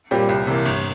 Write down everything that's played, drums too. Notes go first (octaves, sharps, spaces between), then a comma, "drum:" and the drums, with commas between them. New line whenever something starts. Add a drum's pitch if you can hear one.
A#2 G3 C4 G4
C2
C3 E3 A#3
G1, drum: cymbal